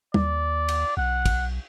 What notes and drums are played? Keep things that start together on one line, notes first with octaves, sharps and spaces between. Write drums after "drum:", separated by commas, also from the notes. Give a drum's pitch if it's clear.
D#2 D5, drum: tom
drum: cymbal
B1 F#5
drum: kick, cymbal